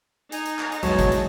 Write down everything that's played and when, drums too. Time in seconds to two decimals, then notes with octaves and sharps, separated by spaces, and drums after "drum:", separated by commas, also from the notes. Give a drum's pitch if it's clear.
0.32 D#4 G#5, drum: hi-hat
0.46 drum: hi-hat
0.59 drum: clap
0.72 drum: hi-hat
0.83 B1 E2 F#3 G#3 C#5 A5, drum: hi-hat
0.99 drum: kick G1, hi-hat
1.12 drum: hi-hat